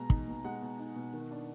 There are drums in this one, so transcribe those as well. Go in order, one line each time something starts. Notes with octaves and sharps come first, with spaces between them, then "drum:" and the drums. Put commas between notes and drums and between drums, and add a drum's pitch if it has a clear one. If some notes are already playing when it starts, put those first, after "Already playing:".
Already playing: B2 G#3 A#5
D#4, drum: kick
B2
G#3 F#5
B2
D#4
B2
D#3
D4